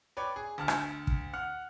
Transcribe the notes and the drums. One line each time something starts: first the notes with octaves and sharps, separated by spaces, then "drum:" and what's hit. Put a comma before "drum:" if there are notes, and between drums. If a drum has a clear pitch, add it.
B4 C#5 D5 G5
G#4
D2 A5 F6
drum: rim click
drum: kick
F#5 F6